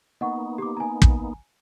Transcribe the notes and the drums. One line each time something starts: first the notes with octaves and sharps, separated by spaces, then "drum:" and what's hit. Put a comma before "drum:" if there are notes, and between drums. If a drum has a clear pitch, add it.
A#3 B3 D#4 D#5 F#5 C#6
G4 D6
G#5 A#5
drum: kick